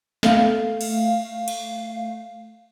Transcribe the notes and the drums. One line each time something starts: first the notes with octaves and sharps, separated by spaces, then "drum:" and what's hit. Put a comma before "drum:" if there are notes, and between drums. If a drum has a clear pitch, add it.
A3 F5, drum: snare
drum: cymbal
drum: cymbal